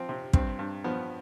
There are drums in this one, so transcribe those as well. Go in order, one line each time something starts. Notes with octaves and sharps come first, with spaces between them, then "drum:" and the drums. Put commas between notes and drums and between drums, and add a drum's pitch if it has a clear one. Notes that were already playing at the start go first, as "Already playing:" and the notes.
Already playing: F3 C4
C3
G2 C4, drum: kick
G2
F3 B3